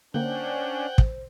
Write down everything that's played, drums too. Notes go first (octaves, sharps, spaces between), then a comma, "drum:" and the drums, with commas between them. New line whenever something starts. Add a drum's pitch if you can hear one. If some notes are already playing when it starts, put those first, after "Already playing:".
D3 A#3 C#4 D4 C5 F#5 G5
drum: kick